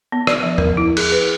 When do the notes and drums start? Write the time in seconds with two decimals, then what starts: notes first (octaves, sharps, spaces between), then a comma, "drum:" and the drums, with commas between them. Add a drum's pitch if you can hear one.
0.12 B3
0.27 D5, drum: rim click
0.43 F3
0.58 A#4, drum: tom E2
0.77 E4
0.97 G#4, drum: cymbal
1.12 B4